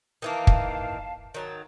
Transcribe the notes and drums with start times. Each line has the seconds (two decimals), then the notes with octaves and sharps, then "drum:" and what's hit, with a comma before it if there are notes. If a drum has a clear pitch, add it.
0.22 D#3 E3 A#3 F5 A5
0.47 drum: kick
1.34 D#3 F#3 A5